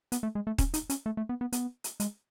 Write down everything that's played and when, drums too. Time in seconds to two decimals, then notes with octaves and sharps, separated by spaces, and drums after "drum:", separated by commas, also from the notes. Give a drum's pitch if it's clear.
0.12 B3, drum: hi-hat
0.23 A3
0.35 G#3
0.47 A3
0.58 C#4, drum: kick D#1, hi-hat
0.74 D#4, drum: hi-hat
0.90 C#4, drum: hi-hat
1.06 A3
1.17 A3
1.29 B3
1.41 B3
1.52 B3, drum: hi-hat
1.84 drum: hi-hat
2.00 G#3, drum: hi-hat